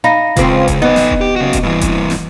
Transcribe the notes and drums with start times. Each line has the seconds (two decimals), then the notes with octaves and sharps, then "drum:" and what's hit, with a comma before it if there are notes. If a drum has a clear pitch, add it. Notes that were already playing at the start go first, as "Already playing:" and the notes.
0.04 D#4 F5 B5 A#6
0.36 C#2 F3 C4, drum: kick E1, hi-hat
0.68 drum: kick E1, hi-hat
0.82 B3 D#4 B4 D#5
0.96 drum: snare
1.10 drum: kick E1
1.21 G4
1.36 C#3 F#4
1.53 drum: kick E1, hi-hat
1.63 G2 E3
1.81 drum: kick E1, hi-hat
2.10 drum: snare